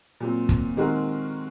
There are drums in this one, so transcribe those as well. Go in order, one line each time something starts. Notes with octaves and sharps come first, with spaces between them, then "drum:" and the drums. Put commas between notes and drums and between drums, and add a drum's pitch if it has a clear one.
A#2 F#3 C4
drum: kick
D#3 G#3 C4 F#4 A#4